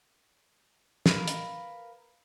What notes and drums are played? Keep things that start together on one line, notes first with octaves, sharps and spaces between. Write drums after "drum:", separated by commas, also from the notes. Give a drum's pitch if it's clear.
A#4 B4 F5, drum: snare
drum: hi-hat